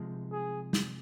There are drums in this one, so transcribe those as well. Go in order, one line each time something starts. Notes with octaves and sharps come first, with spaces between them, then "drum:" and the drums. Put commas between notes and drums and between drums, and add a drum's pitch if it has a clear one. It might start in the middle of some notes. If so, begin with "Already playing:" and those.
Already playing: C3 F3 G#3
G#4
drum: snare